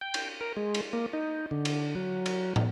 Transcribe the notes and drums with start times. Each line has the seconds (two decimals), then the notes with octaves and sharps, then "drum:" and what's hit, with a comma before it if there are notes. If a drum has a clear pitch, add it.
0.01 G5
0.14 drum: cymbal
0.41 A#4
0.57 G#3
0.74 drum: cymbal
0.93 A#3
1.13 D#4
1.51 D3
1.65 drum: cymbal
1.95 F#3
2.26 drum: cymbal
2.56 drum: tom